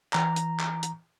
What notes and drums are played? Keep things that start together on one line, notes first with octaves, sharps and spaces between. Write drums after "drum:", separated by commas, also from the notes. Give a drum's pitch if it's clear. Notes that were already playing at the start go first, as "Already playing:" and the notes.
E3 A#5, drum: clap
drum: hi-hat
drum: clap
drum: hi-hat